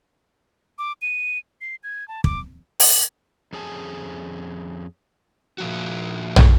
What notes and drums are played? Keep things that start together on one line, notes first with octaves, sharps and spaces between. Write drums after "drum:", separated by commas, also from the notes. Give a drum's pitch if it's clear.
D6
D#7
C7
G#6
A5
D6, drum: kick
drum: open hi-hat
F2 C#4 G#4 G#5 A5
A#2 F3 F#4
drum: tom